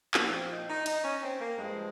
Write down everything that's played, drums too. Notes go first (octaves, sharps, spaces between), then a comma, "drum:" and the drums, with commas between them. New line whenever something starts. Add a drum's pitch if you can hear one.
A#2 F3 A#3, drum: clap
A#3
C4
D#4
D#4
D#4, drum: cymbal
C#4
C4
A#3
G2 F3 G#3